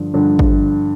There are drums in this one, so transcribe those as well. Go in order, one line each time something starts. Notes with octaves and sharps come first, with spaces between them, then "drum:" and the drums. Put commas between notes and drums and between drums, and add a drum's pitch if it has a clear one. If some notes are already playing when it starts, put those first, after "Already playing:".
Already playing: G2 D3 F3
G2 D3 F3
drum: kick